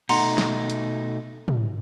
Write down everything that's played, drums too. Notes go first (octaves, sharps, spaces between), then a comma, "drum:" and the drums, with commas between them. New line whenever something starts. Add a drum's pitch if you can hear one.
B2 A3 D#4 F#5 A#5 C6, drum: cymbal
drum: snare
drum: hi-hat
drum: tom